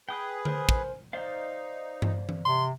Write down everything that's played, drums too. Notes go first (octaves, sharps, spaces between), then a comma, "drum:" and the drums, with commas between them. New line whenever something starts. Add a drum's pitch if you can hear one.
G#4 B4 G5 D#6
A#4 C5 G#5, drum: tom D3
drum: kick
D#4 C5 D5 F5
drum: tom G2
drum: tom E3
C3 C6